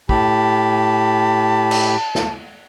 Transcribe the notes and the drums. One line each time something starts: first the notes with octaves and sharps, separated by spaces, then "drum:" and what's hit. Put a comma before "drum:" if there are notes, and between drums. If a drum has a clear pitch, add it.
A2 G4 A5 B5, drum: kick
drum: cymbal
drum: snare